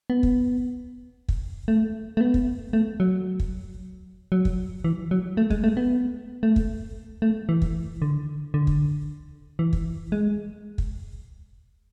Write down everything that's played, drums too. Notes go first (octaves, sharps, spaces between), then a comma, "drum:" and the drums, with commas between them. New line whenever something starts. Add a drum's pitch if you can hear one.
B3
drum: kick
drum: kick
A3
A3
B3
drum: kick
A3
F#3
drum: kick
F#3
drum: kick
E3
F#3
A3
G#3, drum: kick
A3
B3
A3
drum: kick
A3
E3
drum: kick
D3
D3
drum: kick
E3
drum: kick
G#3
drum: kick